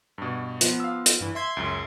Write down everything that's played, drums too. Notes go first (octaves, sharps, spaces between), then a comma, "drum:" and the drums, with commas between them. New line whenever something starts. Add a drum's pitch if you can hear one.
G2 B2
F3 B3, drum: hi-hat
F5 E6
drum: hi-hat
G2 E3
E5 C6 G#6
C#2 F#2